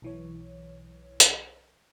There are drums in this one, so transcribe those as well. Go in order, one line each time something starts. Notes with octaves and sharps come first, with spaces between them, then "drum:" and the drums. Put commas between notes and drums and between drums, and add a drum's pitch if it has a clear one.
B1 E3 C#5
drum: hi-hat